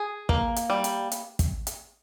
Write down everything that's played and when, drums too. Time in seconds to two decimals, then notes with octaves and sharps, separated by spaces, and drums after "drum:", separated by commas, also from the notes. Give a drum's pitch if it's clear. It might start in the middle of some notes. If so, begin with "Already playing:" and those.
Already playing: G#4
0.29 A#3, drum: kick
0.56 drum: hi-hat
0.70 G3
0.84 drum: hi-hat
1.12 drum: hi-hat
1.39 drum: kick, hi-hat
1.67 drum: hi-hat